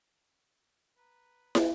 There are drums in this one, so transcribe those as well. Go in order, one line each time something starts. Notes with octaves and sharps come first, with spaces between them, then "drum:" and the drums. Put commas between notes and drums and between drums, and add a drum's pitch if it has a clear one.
B4 A#5
drum: snare